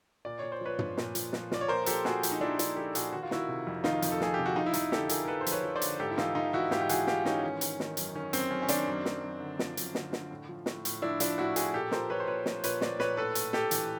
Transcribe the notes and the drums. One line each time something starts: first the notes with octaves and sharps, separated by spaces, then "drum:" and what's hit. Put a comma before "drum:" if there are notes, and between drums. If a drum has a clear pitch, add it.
A#2 D5
A#2 C#5
C5
F3 B4 C#5
F3, drum: tom
A#2, drum: snare
F3, drum: hi-hat
F3, drum: snare
F3 D5, drum: snare
C#5
A#2 A#4 C5
F3 G4 A4, drum: hi-hat
A#2 F#4 G#4, drum: snare
F3, drum: hi-hat
D#4
F3 D4 E4
F3 D4 E4, drum: hi-hat
F3 G4 A4
A#2 F#4 G#4, drum: hi-hat
D#3 F#4
F4
D#3 E4 F#4, drum: snare
C3
F2
D#3 D#4 F4, drum: snare
F2, drum: hi-hat
A4
F2 G#4, drum: snare
C3 G4
F#4
F2 D#4 F4
E4
F2 D#4 F4, drum: hi-hat
D3 G4 A4, drum: snare
F3 G#4 A#4, drum: hi-hat
A#4
F3 A4 B4
C5
F2, drum: hi-hat
B4 C#5
F3
C5 D5
D3, drum: hi-hat
G#2 G4 A4
E4
E3 D#4 F4, drum: snare
E3 D#4 F4
E3 E4 F#4
G#2 F4 G4, drum: snare
G4
E3 F#4 G#4, drum: hi-hat
G#2 F4 G4, drum: snare
E3 C#4 D#4, drum: snare
D#3 C#4
D#3, drum: hi-hat
D#3, drum: snare
F#2, drum: hi-hat
D#3 C#4
F#2 C4, drum: hi-hat
F#2 C#4
C#4
D#3 C4 D4, drum: hi-hat
F#2
F#2, drum: snare
F#2
D3
F3, drum: snare
F#2, drum: hi-hat
D3, drum: snare
D3, drum: snare
A2
F3
A2, drum: snare
A2, drum: hi-hat
F3 D4 E4
F3 D4 E4, drum: hi-hat
A2 E4 F#4
A2 F#4 G#4, drum: hi-hat
A#2 G4 A4
F3 A#4 C5, drum: snare
F3 B4 C#5
C5
A#2 B4 C#5
F3, drum: snare
A#2 B4 C#5, drum: hi-hat
F3 C5 D5, drum: snare
A#2 B4 C#5, drum: snare
A2 A4 B4
A2, drum: hi-hat
A2 G4 A4, drum: snare
E3, drum: hi-hat